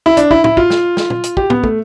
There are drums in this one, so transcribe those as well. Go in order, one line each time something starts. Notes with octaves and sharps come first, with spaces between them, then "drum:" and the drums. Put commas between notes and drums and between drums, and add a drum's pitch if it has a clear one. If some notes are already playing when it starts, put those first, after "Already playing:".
E4
D4, drum: hi-hat
E4, drum: kick
E4, drum: tom
F4, drum: kick
drum: snare
drum: snare
drum: tom
drum: hi-hat
G4, drum: kick
B3, drum: tom
A3, drum: kick